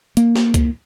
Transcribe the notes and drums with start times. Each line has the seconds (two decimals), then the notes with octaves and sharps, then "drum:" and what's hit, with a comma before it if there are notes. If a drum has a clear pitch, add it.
0.17 A#3, drum: hi-hat
0.36 drum: snare
0.54 drum: kick C#2, hi-hat